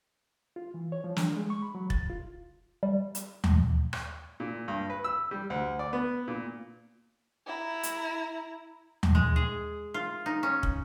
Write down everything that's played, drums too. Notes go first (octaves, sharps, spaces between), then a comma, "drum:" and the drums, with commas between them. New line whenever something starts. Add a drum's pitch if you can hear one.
F4
E3
C#5
F3
D4, drum: snare
G#3
C#6
B5
F#3
A6, drum: kick
F4
G3
drum: hi-hat
drum: tom D#2
drum: rim click
A#2
G2
B4
E6
G3
D2
D5
B3
A#2
E4 A#5
drum: hi-hat
drum: tom D#2
G#3
G#4
F4
D#4
C#4
drum: kick